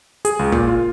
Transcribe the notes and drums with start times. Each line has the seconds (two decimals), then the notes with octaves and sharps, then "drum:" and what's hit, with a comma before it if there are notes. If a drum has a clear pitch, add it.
0.25 G#4, drum: hi-hat
0.39 C#2
0.52 A#2, drum: kick
0.67 F4